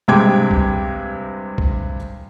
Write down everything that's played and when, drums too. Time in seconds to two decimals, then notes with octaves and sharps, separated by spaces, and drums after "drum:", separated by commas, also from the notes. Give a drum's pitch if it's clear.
0.08 G2 C3 G#3 G5 D6 G#6
0.51 drum: kick B1
1.58 drum: kick B1